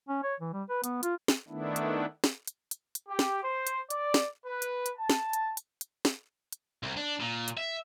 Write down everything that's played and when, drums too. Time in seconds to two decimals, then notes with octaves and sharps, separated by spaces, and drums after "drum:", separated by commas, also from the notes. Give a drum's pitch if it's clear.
0.09 C#4
0.23 C#5
0.40 E3
0.53 G3
0.69 B4
0.84 B3, drum: hi-hat
1.03 F4, drum: hi-hat
1.28 drum: snare
1.48 D#3 A3 B3 D4 E4
1.76 drum: hi-hat
2.24 drum: snare
2.47 drum: hi-hat
2.71 drum: hi-hat
2.95 drum: hi-hat
3.09 G4
3.19 drum: snare
3.43 C5
3.67 drum: hi-hat
3.90 D5, drum: hi-hat
4.14 drum: snare
4.46 B4
4.62 drum: hi-hat
4.86 drum: hi-hat
4.97 A5
5.10 drum: snare
5.33 drum: hi-hat
5.57 drum: hi-hat
5.81 drum: hi-hat
6.05 drum: snare
6.52 drum: hi-hat
6.83 C2
6.97 D4
7.20 A#2
7.48 drum: hi-hat
7.57 E5